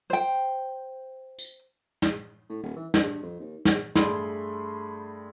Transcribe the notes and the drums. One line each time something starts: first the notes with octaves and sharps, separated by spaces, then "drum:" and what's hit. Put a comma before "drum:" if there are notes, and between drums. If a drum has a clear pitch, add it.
C5 G5
drum: tambourine
drum: snare
A2
D#1
E3
G2, drum: snare
F2
D#2
drum: snare
G2 A3 G#4 B5 C6, drum: snare